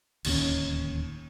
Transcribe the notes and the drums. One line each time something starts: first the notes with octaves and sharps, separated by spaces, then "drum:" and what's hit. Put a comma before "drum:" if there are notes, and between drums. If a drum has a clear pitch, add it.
D1 D#2 C#3 C#4, drum: cymbal